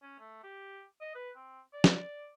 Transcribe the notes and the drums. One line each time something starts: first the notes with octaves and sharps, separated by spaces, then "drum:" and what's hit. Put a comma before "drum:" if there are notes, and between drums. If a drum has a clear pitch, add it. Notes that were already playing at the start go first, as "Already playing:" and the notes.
C#4
A3
G4
D#5
B4
C4
D5
drum: snare